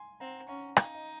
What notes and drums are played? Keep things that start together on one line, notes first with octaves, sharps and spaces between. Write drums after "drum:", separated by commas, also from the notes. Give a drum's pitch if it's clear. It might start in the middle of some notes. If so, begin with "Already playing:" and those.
Already playing: G#5 C6
C4 F#5 A#5
C#4 F#5 A#5
D#4 F5 G#5, drum: rim click
D#5